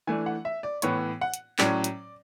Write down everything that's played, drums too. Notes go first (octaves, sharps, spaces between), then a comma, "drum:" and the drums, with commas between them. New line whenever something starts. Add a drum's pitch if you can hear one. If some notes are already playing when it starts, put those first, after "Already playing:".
E3 A3 D4 G#5
F#5
E5
D5
A2 E3 B3 C#5, drum: hi-hat
F#5
drum: hi-hat
A2 F#3 C#4 D5, drum: clap
drum: hi-hat